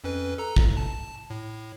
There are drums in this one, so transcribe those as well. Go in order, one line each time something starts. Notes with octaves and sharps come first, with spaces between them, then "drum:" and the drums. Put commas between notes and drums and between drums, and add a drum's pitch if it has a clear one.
F2 C#4 B4
A4 A#5
drum: kick
A5
A2